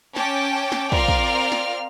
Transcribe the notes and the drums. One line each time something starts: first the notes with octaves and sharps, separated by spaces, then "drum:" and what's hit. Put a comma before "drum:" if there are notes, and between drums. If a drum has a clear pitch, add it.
C#4 G5 A5 D6, drum: snare
drum: snare
C4 F4 A#4 D5 F5 F6, drum: kick
drum: kick
drum: snare